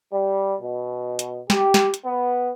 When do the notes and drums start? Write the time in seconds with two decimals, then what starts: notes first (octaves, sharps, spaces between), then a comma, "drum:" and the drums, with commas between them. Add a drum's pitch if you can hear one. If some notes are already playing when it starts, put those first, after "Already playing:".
0.13 G3
0.61 B2
1.19 drum: hi-hat
1.50 G4, drum: snare
1.74 drum: snare
1.94 drum: hi-hat
2.05 B3